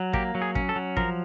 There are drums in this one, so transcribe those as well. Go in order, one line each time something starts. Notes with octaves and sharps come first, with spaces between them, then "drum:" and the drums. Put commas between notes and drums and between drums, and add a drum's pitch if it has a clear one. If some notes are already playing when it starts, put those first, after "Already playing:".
Already playing: F#3
A#3 G4, drum: kick
F#3
G#4
C#4, drum: kick
A4
F#3
F3 A#4, drum: kick